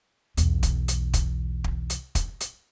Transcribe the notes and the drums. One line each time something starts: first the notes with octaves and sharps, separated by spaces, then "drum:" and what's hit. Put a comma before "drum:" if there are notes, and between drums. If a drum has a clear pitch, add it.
B1 E2, drum: hi-hat
drum: kick, hi-hat
drum: hi-hat
drum: kick, hi-hat
drum: kick
drum: hi-hat
drum: kick, hi-hat
drum: hi-hat